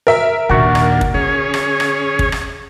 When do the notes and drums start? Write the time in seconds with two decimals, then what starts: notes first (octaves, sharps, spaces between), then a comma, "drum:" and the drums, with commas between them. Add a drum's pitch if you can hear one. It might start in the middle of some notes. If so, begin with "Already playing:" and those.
0.07 A#4 E5
0.49 D#2 A#2 D#3 A#3 D4 F#4 F#5
0.75 drum: rim click
1.01 drum: kick
1.14 D3 C#4 G#4 C#5
1.54 drum: rim click
1.80 drum: rim click
2.19 drum: kick
2.32 drum: rim click